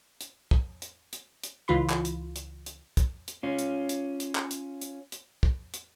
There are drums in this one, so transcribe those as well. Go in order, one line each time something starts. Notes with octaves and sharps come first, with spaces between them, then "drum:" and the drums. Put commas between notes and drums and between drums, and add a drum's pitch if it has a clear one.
drum: hi-hat
drum: kick
drum: hi-hat
drum: hi-hat
drum: hi-hat
C#2 E3 F4 B5 C6
drum: clap
drum: hi-hat
drum: hi-hat
drum: hi-hat
drum: kick, hi-hat
drum: hi-hat
C#4 F4
drum: hi-hat
drum: hi-hat
drum: hi-hat
drum: clap
drum: hi-hat
drum: hi-hat
drum: hi-hat
drum: kick
drum: hi-hat